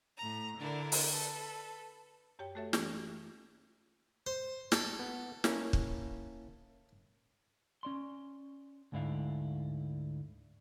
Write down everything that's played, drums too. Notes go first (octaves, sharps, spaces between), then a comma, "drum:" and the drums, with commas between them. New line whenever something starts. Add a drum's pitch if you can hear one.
A2 A#5
D3 D4 E4 A#4
drum: open hi-hat
A4 B4
F#2 G4 C#5 G5
A3 F#4 A4 C#5 E5
E3 A3 C#4 D#4 F4 G4, drum: snare
C5
A4, drum: snare
B3
A#3 C#4 E4, drum: snare
drum: kick
C#4 D5 C6
D2 G#2 D3 E4 D5 F5